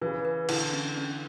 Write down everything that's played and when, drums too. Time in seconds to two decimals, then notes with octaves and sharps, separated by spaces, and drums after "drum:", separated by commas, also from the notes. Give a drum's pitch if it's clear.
0.01 C#3 E3 B4
0.25 B4
0.49 D3 E4, drum: cymbal
0.73 C#4
0.97 C#4